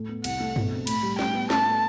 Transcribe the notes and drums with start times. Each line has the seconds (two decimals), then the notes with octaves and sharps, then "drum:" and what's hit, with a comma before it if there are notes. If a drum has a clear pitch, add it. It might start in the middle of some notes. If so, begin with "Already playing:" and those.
Already playing: A2 A3
0.09 B3
0.24 C2 F#5, drum: cymbal
0.40 A3
0.56 B2, drum: tom G2
0.72 C4
0.87 A2 B5, drum: cymbal
1.03 G3
1.19 A2 G5, drum: snare
1.34 B3
1.50 A2 A5, drum: snare
1.66 A3